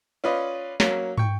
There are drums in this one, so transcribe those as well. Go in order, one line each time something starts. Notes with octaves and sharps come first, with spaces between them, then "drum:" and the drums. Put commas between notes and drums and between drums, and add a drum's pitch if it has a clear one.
C#4 F4 B4 D5 D#5
F#3 A#3 C#4, drum: snare
G5 C#6, drum: tom